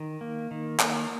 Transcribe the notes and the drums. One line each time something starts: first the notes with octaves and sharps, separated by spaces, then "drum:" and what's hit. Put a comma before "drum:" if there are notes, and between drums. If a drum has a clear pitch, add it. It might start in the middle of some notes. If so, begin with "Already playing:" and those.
Already playing: D#3
A#3
D#3
A#3, drum: clap